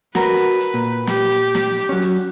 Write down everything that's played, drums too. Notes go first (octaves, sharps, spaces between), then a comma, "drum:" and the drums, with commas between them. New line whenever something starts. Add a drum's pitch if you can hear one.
F#4 A#4 B4, drum: snare
drum: hi-hat
drum: hi-hat
A#2
G4, drum: snare
drum: hi-hat
drum: snare
drum: hi-hat
F#3 C#4
drum: hi-hat